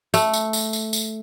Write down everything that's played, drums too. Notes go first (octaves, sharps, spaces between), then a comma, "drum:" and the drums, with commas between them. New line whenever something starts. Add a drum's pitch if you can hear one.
A3, drum: tambourine
drum: tambourine
drum: tambourine
drum: tambourine
drum: tambourine